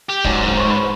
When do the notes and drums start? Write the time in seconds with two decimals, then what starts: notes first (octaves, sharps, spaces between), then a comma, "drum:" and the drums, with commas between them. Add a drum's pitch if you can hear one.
0.09 G4
0.24 G#2 F#3 C#4 D5, drum: kick
0.44 G#1 F#2
0.57 C5 C#5
0.71 B4 C5